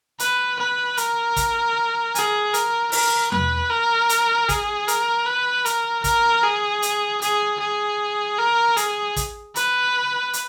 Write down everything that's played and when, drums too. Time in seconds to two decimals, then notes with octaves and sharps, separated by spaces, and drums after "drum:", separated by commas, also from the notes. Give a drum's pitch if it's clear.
0.19 B4, drum: hi-hat
0.59 B4
0.97 A#4, drum: hi-hat
1.36 drum: kick, hi-hat
2.15 G#4, drum: hi-hat
2.54 A#4, drum: hi-hat
2.92 A#4, drum: open hi-hat
3.32 B4, drum: tom E2
3.70 A#4
4.09 drum: hi-hat
4.49 G#4, drum: kick, hi-hat
4.88 A#4, drum: hi-hat
5.26 B4
5.65 A#4, drum: hi-hat
6.04 A#4, drum: kick, hi-hat
6.43 G#4
6.82 drum: hi-hat
7.22 G#4, drum: hi-hat
7.60 G#4
8.38 A#4
8.77 G#4, drum: hi-hat
9.16 drum: kick, hi-hat
9.56 B4, drum: hi-hat
10.33 drum: hi-hat